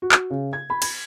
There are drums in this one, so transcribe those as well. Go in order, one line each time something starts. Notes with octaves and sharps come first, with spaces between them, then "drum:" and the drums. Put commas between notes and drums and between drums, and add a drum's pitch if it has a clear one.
F#4
drum: clap
C#3
G#6
B5
G#6, drum: cymbal